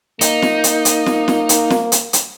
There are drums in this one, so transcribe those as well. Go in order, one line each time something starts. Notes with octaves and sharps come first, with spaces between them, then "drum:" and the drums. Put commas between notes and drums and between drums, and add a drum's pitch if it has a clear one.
A#3 D#4, drum: hi-hat
drum: snare
drum: hi-hat
drum: hi-hat
drum: snare
drum: snare
drum: hi-hat
drum: snare
drum: hi-hat
drum: hi-hat